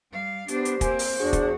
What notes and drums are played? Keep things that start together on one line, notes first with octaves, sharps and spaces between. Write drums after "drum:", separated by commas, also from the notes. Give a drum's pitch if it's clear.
G3 F5
B3 D4 G4 C5, drum: hi-hat
drum: hi-hat
A#3 C4 C5 G#5, drum: kick, hi-hat
drum: open hi-hat
E2 D4 F#4 G#4
drum: kick, hi-hat